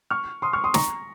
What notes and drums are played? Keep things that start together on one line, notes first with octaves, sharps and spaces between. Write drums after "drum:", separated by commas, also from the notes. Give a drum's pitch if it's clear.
C#6 F6
C6 D#6
C#6 F6
C6 D#6
A#5 C#6, drum: snare